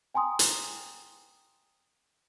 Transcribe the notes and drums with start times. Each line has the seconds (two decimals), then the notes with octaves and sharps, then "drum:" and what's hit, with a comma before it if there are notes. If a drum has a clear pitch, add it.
0.14 G5 G#5 A#5 C6 D#6
0.39 drum: hi-hat